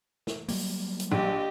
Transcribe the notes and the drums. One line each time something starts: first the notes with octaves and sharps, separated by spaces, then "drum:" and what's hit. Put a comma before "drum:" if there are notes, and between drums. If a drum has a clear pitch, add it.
drum: snare
F#3 G3 A#3, drum: open hi-hat
drum: hi-hat
A#1 G4 D#5